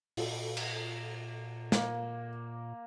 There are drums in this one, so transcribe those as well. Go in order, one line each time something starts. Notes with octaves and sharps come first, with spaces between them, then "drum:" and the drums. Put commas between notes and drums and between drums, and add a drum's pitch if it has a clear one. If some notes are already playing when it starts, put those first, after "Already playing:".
A#2 F4 F#4 A4, drum: open hi-hat
drum: cymbal
A#3, drum: snare